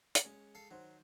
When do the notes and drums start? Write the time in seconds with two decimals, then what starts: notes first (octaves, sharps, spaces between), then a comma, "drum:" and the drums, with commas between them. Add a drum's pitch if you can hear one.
0.15 drum: hi-hat
0.25 G#3 C#4
0.55 A4 F5
0.71 D#3 F#3 F#4 C5